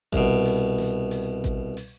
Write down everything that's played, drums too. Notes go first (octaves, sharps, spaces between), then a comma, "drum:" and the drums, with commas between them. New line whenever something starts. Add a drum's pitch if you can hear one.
C2 B2, drum: kick A1, hi-hat
drum: open hi-hat
drum: snare
drum: open hi-hat
drum: kick A1, hi-hat
drum: open hi-hat